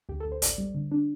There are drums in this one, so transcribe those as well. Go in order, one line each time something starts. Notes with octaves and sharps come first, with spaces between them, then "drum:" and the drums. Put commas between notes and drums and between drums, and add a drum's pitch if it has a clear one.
D2 G4
A4
D2
C5
A1 D5, drum: hi-hat
G3
D3
D4